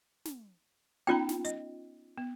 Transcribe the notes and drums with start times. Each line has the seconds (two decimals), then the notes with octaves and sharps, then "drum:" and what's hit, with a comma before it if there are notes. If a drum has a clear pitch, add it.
0.25 drum: snare
1.07 B3 C#4 D#4 F4 G5 A#5
1.29 drum: snare
1.45 D#5, drum: hi-hat
2.18 B3